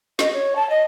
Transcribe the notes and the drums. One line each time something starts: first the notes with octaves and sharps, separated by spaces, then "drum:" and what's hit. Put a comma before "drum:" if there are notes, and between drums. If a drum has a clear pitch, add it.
D#5, drum: snare
C#5
A5
D#5